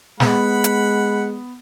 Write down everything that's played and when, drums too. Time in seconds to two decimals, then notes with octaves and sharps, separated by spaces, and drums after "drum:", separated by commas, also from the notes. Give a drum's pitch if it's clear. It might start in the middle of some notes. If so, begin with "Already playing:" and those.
0.20 G#3 B3 F#5 B5, drum: snare
0.64 drum: hi-hat